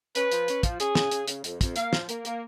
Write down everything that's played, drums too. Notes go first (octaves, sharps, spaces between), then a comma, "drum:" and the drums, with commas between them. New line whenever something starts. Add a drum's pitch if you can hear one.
C#4 B4, drum: hi-hat
F3, drum: hi-hat
C#4, drum: hi-hat
F3, drum: kick, hi-hat
C#4 G#4, drum: hi-hat
C#3, drum: snare
C#3, drum: hi-hat
C#3, drum: hi-hat
F2, drum: hi-hat
F2, drum: kick, hi-hat
A#3 F5, drum: hi-hat
F3, drum: snare
A#3, drum: hi-hat
A#3, drum: hi-hat